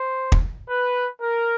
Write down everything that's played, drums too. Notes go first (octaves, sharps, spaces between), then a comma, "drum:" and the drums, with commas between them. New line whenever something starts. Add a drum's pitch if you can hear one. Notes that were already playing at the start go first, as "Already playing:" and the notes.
Already playing: C5
drum: kick
B4
A#4